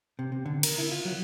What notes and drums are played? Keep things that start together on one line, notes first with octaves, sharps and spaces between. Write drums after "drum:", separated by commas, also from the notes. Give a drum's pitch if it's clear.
C3
C3
D3
A#4, drum: cymbal
E4
F4
F#3